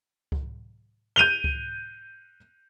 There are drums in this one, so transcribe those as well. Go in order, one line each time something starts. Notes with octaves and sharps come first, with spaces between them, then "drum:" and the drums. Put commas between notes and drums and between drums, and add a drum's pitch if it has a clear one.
drum: kick C#2
G6 D#7 F7 G7
drum: kick C#2